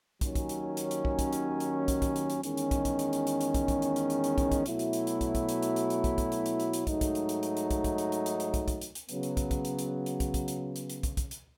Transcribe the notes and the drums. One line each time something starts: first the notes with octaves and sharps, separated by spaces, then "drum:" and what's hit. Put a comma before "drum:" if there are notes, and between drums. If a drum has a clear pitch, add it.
D#2 D#3 F#3 C#4, drum: kick, hi-hat
drum: kick, hi-hat
drum: hi-hat
drum: hi-hat
drum: hi-hat
drum: kick
drum: kick, hi-hat
drum: hi-hat
drum: hi-hat
drum: kick, hi-hat
drum: kick, hi-hat
drum: hi-hat
drum: hi-hat
E2 D#3 G#3 C#4, drum: hi-hat
drum: hi-hat
drum: kick, hi-hat
drum: kick, hi-hat
drum: hi-hat
drum: hi-hat
drum: hi-hat
drum: hi-hat
drum: kick, hi-hat
drum: kick, hi-hat
drum: hi-hat
drum: hi-hat
drum: hi-hat
drum: hi-hat
drum: kick, hi-hat
drum: kick, hi-hat
B2 F#3 A3 E4, drum: hi-hat
drum: hi-hat
drum: hi-hat
drum: hi-hat
drum: kick, hi-hat
drum: kick, hi-hat
drum: hi-hat
drum: hi-hat
drum: hi-hat
drum: hi-hat
drum: kick, hi-hat
drum: kick, hi-hat
drum: hi-hat
drum: hi-hat
drum: hi-hat
drum: hi-hat
G#2 F#3 A3 D#4, drum: kick, hi-hat
drum: kick, hi-hat
drum: hi-hat
drum: hi-hat
drum: hi-hat
drum: hi-hat
drum: kick, hi-hat
drum: kick, hi-hat
drum: hi-hat
drum: hi-hat
drum: hi-hat
drum: hi-hat
drum: kick, hi-hat
drum: kick, hi-hat
drum: hi-hat
drum: hi-hat
C#3 F#3 B3, drum: hi-hat
drum: hi-hat
drum: kick, hi-hat
drum: kick, hi-hat
drum: hi-hat
drum: hi-hat
drum: hi-hat
drum: kick, hi-hat
drum: kick, hi-hat
drum: hi-hat
drum: hi-hat
drum: hi-hat
drum: kick, hi-hat
drum: kick, hi-hat
drum: hi-hat